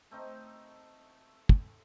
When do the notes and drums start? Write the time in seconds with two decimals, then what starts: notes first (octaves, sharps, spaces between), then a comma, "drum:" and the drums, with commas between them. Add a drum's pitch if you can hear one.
0.11 A3 C4 D#4
1.49 drum: kick